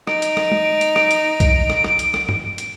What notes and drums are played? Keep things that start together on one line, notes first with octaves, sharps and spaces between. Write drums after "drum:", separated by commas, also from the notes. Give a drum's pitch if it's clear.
D#4 D7, drum: rim click
drum: hi-hat
drum: rim click
drum: tom
drum: hi-hat
drum: rim click
drum: hi-hat
drum: kick C2, hi-hat
drum: rim click
drum: rim click
drum: hi-hat
drum: rim click
drum: tom
drum: hi-hat